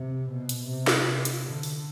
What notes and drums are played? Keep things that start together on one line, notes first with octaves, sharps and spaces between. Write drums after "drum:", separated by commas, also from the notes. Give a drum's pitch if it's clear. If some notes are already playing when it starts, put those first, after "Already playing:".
Already playing: C3
B2
drum: hi-hat
C3
drum: snare
drum: hi-hat
D3
drum: open hi-hat